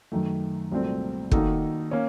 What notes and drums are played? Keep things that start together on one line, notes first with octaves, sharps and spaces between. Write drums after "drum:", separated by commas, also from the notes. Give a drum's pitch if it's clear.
F#2 D#3 A3
C2 A#2 F#3 A3 C4
D#3 A#3 D#4 F#4 A4, drum: kick
A#3 C#4